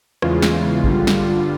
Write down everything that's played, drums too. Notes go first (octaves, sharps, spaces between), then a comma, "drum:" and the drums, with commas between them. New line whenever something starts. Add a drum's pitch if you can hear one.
E2 C#3 E3 G#3 F4, drum: rim click
drum: snare
G2 D3 G3, drum: kick A1
drum: snare